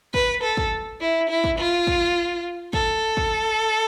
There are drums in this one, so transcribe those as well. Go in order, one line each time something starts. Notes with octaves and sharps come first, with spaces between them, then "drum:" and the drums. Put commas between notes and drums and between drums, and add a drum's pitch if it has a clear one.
B4, drum: kick
A4
drum: kick
E4
E4
drum: kick
F4
drum: kick
A4, drum: kick
drum: kick